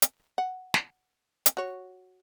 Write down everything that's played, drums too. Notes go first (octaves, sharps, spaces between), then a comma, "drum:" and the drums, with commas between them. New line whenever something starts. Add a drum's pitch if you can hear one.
drum: hi-hat
F#5
drum: snare
drum: hi-hat
F#4 C#5